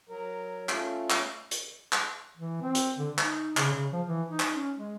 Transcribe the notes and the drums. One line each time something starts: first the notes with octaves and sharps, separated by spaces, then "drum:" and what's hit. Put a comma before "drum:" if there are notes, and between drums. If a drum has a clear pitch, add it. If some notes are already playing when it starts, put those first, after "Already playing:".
F#3 A#4
A3 C#4 F4, drum: clap
drum: clap
drum: hi-hat
drum: clap
E3
C4
drum: hi-hat
D3
D#4, drum: clap
C#3, drum: clap
C#3
F3
E3
D#4
drum: clap
C#4
G#3